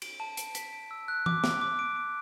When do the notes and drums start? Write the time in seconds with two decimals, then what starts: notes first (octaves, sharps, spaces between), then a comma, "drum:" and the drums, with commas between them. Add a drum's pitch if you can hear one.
0.02 D7, drum: cymbal
0.20 A5
0.37 D7, drum: hi-hat
0.55 B6, drum: hi-hat
0.73 D7
0.91 E6
1.08 F#6
1.26 D6, drum: tom E3
1.44 D7, drum: snare
1.61 D6
1.79 D7
1.96 D7